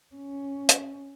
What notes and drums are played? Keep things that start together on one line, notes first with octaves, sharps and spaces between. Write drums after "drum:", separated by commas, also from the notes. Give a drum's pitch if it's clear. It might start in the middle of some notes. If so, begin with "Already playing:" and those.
C#4
drum: hi-hat